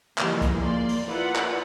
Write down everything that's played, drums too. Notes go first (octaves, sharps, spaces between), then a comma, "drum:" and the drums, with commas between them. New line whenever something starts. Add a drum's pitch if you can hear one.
C#3 E3 F3 G3 G#3 A#3, drum: clap
drum: kick C2, hi-hat
A#3 D5 C6
drum: open hi-hat
E4 F4 A#4 B4 D5 F#5
drum: clap